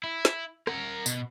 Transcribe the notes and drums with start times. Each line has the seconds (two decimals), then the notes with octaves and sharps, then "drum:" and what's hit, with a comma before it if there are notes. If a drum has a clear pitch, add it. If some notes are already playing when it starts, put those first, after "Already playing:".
0.04 E4
0.25 drum: snare
0.67 A#4 F#5, drum: rim click
1.06 B2, drum: tambourine